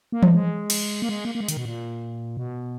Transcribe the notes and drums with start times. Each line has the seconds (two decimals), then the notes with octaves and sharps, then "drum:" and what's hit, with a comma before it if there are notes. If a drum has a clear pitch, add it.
0.12 A#3
0.23 G#3, drum: tom E3
0.34 G#3
0.70 drum: cymbal
1.02 A#3
1.09 G#3
1.25 A#3
1.35 A#3
1.41 G#3
1.48 D#3, drum: hi-hat
1.57 B2
1.65 A#2
2.37 B2